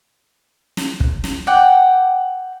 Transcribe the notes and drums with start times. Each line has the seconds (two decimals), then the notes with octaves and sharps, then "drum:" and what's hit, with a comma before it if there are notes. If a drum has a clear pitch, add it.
0.77 drum: snare
1.00 drum: kick
1.24 drum: snare
1.47 D5 F#5 G5